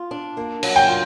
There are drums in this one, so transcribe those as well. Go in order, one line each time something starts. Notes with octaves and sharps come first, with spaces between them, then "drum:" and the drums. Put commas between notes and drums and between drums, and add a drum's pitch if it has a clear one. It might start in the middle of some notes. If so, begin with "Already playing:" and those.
Already playing: F4
D4
A#3
F#3, drum: cymbal
G5
F4